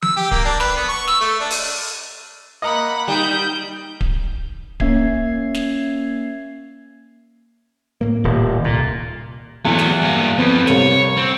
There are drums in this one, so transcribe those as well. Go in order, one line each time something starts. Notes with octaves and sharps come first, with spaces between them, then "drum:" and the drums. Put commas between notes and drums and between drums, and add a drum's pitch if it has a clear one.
E6, drum: tom F3
G4
A#3, drum: kick D1
D4
B4, drum: snare
B3
C#6
E6, drum: snare
A3
D4
drum: open hi-hat
A#3 D#5 F#5 B5
G3 D#4 G6
drum: kick D1
A#3 C#4 E5 G#6 C7, drum: kick D1
drum: snare
A2 A#3
D#1
C2 A#2
E2 F#3 A3
drum: snare
G2 A#3
F2 B3 C4
C2 A4 C#5, drum: snare
C4